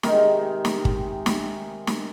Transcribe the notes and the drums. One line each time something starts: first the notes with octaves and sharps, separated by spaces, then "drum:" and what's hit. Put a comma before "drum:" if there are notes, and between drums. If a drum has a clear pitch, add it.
C3 D#3 G#3 A#4, drum: snare
drum: snare
drum: kick
drum: snare
drum: snare